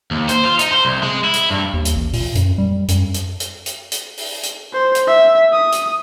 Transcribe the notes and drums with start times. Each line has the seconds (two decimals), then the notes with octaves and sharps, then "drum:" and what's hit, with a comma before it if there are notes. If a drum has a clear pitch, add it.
0.11 D#2
0.29 C5, drum: hi-hat
0.45 F4
0.59 D#4, drum: hi-hat
0.72 C5
0.85 C2
1.03 G#3
1.24 E4
1.34 drum: hi-hat
1.51 G2
1.74 D#2
1.85 drum: hi-hat
1.96 A1
2.13 A#2, drum: open hi-hat
2.35 F#2, drum: hi-hat
2.58 G3
2.88 F#2, drum: hi-hat
3.14 drum: hi-hat
3.40 drum: hi-hat
3.66 drum: hi-hat
3.92 drum: hi-hat
4.17 drum: open hi-hat
4.43 drum: hi-hat
4.73 C5
4.95 drum: hi-hat
5.07 E5
5.52 D#6
5.72 drum: hi-hat